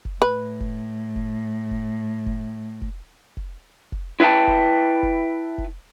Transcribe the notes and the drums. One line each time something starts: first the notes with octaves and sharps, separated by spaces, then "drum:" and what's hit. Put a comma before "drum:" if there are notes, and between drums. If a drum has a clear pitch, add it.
drum: kick F1
A2 B4
drum: kick F1
drum: kick F1
drum: kick F1
drum: kick F1
drum: kick F1
drum: kick F1
drum: kick F1
E4 B4 E5 G5 A5
drum: kick F1
drum: kick F1
drum: kick F1